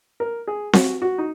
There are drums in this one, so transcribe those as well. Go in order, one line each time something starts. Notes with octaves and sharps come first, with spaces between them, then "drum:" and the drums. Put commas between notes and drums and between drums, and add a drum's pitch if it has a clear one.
A#4
G#4
F#4, drum: snare C4
F#4
D#4